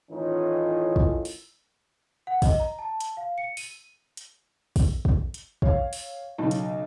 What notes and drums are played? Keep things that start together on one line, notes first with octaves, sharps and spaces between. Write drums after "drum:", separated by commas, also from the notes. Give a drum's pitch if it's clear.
A2 D#3 E3 C#4 D#4 F4
drum: kick
drum: open hi-hat
F#5
D#5, drum: kick, open hi-hat
A#5
A5
drum: hi-hat
F5
C#7
D#7, drum: open hi-hat
drum: hi-hat
drum: kick, open hi-hat
drum: kick
drum: hi-hat
C#5 F5, drum: kick
drum: open hi-hat
B1 C#3
drum: hi-hat